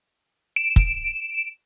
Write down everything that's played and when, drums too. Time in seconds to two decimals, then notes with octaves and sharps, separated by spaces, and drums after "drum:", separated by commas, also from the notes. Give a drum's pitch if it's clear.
0.56 D7 E7
0.76 drum: kick